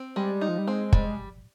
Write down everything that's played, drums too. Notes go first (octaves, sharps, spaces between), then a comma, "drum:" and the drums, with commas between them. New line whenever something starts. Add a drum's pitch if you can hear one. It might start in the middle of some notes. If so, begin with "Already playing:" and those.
Already playing: C4
G3 G#3
D#4
F3
G3
G#3 C4
G3, drum: kick